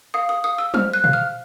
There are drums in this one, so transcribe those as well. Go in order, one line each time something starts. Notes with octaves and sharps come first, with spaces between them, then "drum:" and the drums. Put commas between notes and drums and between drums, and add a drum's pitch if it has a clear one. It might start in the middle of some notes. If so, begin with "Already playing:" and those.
F5 D#6
D#6
F5 D#6
E6
C5 F6, drum: tom F#3
F#6
F5, drum: tom A#2
F6